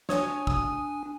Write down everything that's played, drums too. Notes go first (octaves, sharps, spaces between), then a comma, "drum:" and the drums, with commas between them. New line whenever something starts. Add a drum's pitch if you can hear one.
D4 C#5 G#5 D#6, drum: snare
D#6, drum: kick